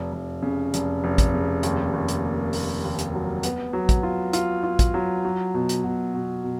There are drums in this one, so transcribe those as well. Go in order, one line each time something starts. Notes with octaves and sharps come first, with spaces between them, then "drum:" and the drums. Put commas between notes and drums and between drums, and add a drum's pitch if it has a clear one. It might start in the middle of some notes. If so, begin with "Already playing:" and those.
Already playing: F1
F1
C#3
F1, drum: hi-hat
F1
drum: kick, hi-hat
C#3
D#2, drum: hi-hat
D#2
drum: hi-hat
A#3
A#3, drum: open hi-hat
D#2
drum: hi-hat
F#3
B3, drum: hi-hat
F#3
drum: kick, hi-hat
F4
F4, drum: hi-hat
F4
drum: kick, hi-hat
F#3
F#3
B2
drum: hi-hat
B2
B2
B2